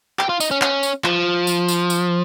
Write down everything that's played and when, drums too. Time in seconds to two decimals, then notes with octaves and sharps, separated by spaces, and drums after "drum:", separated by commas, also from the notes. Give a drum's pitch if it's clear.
0.19 G4, drum: clap
0.29 F4
0.40 D#4, drum: tambourine
0.51 C#4
0.62 C#4, drum: clap
0.83 drum: tambourine
1.04 F3, drum: clap
1.47 drum: tambourine
1.69 drum: tambourine
1.90 drum: tambourine